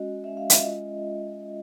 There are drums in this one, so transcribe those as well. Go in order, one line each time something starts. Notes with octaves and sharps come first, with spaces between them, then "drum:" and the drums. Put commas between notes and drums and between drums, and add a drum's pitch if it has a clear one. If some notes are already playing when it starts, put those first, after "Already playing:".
Already playing: G#3 C#4 F#4 D#5
G#3 C#4 F#4 E5
F5
E5, drum: hi-hat
G#3 C#4 F4 D#5